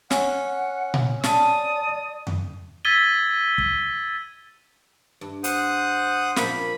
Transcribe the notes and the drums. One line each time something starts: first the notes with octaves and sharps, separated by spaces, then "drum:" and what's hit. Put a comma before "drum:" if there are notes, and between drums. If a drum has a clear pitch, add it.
C#4 F#5, drum: snare
drum: tom A#2
D5 A5 D#6, drum: snare
drum: tom F2
E6 G#6 A6 B6 D#7 G7
drum: kick
G2
C5 F#5 D#6, drum: hi-hat
A#2 F3 A#3 B5, drum: snare